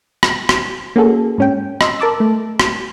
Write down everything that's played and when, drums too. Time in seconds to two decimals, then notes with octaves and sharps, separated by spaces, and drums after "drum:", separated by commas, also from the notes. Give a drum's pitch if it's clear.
0.23 drum: rim click
0.49 drum: rim click
0.96 A#3 C#4 F#4 G#4 A4
1.38 G#2 C#4 G5
1.81 D#5 C6 E6, drum: rim click
1.99 A#4 A5 D6 E6
2.20 A3
2.60 drum: rim click